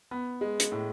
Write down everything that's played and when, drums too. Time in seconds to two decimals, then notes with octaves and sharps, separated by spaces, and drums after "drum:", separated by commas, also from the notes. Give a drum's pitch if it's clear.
0.11 B3
0.41 G#3
0.60 drum: hi-hat
0.72 A2